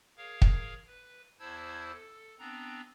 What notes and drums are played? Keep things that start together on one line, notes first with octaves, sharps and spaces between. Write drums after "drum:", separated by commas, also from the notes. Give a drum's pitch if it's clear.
G#4 A#4 C#5 F5
drum: kick
B4
E2 E4 C5 A5 E6 G#6
A4
B3 C4 D4 A#5